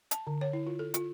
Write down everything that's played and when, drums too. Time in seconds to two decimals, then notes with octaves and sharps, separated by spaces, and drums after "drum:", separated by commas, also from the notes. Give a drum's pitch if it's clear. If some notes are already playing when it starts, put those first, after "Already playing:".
0.11 A5, drum: hi-hat
0.27 D3
0.41 C#5
0.53 E4
0.67 F4
0.79 A4
0.94 F4, drum: hi-hat